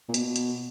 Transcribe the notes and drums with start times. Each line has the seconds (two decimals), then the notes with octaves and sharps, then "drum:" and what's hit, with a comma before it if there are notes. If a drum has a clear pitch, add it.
0.09 A#2
0.14 B2, drum: hi-hat
0.36 drum: hi-hat